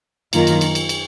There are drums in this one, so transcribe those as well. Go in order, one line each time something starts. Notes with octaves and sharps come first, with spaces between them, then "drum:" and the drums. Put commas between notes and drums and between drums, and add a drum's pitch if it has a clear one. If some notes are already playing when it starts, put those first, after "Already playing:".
F#2 D#3 A#3 F4 A#4, drum: cymbal
drum: cymbal
drum: cymbal
drum: cymbal
drum: cymbal